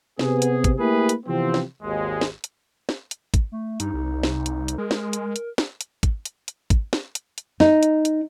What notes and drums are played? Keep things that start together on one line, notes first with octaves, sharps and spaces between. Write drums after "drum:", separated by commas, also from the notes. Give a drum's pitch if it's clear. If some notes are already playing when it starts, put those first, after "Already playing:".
C3 B3 G#4, drum: snare
drum: hi-hat
drum: kick G#1, hi-hat
A3 A#3 E4 G4 G#4 B4
drum: hi-hat
C3 E3 F3 B3 C4
drum: snare
G#1 D#2 G#3
drum: snare
drum: hi-hat
drum: snare
drum: hi-hat
drum: kick G#1, hi-hat
A3
G2 D#4, drum: hi-hat
C2
drum: snare
drum: hi-hat
drum: hi-hat
G#3 A#4
drum: snare
drum: hi-hat
drum: hi-hat
drum: snare
drum: hi-hat
drum: kick G#1, hi-hat
drum: hi-hat
drum: hi-hat
drum: kick G#1, hi-hat
drum: snare
drum: hi-hat
drum: hi-hat
D#4, drum: snare
drum: hi-hat
drum: hi-hat